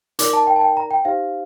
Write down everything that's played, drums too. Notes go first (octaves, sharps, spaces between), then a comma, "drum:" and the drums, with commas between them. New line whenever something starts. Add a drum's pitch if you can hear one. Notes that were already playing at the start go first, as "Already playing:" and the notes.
D#4 A#4 D5 D6, drum: hi-hat
A5
G5
A5
G5
A#5
G5
D#4 G4 C5 F5